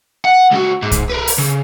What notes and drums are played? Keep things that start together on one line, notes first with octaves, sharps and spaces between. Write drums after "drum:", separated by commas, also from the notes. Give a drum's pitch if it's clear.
F#5
C#2 F#4
G#2
drum: kick C2, hi-hat
A#4 B4
drum: open hi-hat
C#3